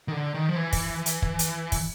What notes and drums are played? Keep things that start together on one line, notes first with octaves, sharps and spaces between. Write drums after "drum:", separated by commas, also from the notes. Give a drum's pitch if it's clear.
D#3
D3
D#3
F3
E3
drum: kick, open hi-hat
drum: hi-hat
drum: kick
drum: hi-hat
drum: kick, open hi-hat